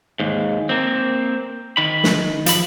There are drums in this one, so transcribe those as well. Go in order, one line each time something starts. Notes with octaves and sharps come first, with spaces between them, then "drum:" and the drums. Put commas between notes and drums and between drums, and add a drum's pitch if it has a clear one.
D#2 G#2
A#3 C4
D#3 B5
drum: snare
F3 B5, drum: hi-hat